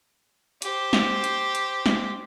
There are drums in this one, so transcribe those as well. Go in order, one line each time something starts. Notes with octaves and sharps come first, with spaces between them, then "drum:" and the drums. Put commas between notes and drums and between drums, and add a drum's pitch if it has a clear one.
G4 C5, drum: hi-hat
drum: snare
drum: hi-hat
drum: hi-hat
drum: snare